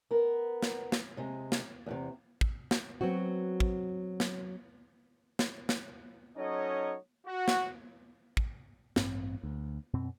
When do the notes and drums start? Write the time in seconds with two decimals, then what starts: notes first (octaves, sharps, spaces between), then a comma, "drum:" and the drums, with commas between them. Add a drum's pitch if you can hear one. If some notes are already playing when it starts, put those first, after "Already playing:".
0.11 B3 A#4
0.62 drum: snare
0.92 drum: snare
1.17 C3 G#3
1.52 drum: snare
1.86 E2 A2 C3
2.41 drum: kick
2.71 drum: snare
3.01 F#3 B3 C4 F#4
3.60 drum: kick
4.20 drum: snare
5.39 drum: snare
5.69 drum: snare
6.37 F#3 C#4 D#4 A4 C#5 D#5
7.26 F#4
7.48 drum: snare
8.37 drum: kick
8.96 A1 G2 C4, drum: snare
9.43 D2
9.94 F#2 B2 C4